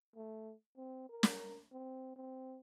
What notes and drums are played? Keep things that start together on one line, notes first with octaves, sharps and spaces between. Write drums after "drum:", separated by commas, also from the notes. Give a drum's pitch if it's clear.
A3
C4
A#4
drum: snare
C4
C4